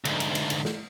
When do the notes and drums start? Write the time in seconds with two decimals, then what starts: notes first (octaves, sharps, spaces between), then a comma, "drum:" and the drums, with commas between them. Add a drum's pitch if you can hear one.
0.05 D2 G#2, drum: cymbal
0.20 drum: cymbal
0.35 drum: cymbal
0.50 drum: cymbal
0.65 drum: snare